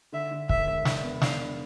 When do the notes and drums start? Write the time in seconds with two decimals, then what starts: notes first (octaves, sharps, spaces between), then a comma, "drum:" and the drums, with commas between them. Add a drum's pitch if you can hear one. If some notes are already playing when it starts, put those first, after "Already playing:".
0.12 D3 E5
0.31 D3
0.49 E1 E5, drum: kick
0.67 E1
0.85 D4, drum: snare
1.03 B3
1.22 D4 F5, drum: snare
1.39 D4